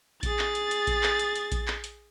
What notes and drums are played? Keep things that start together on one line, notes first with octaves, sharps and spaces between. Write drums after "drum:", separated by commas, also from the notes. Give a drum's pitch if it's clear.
G#4 A6, drum: kick A#1, hi-hat
drum: clap
drum: hi-hat
drum: hi-hat
drum: kick A#1, hi-hat
drum: clap
drum: hi-hat
drum: hi-hat
drum: kick A#1, hi-hat
drum: clap
drum: hi-hat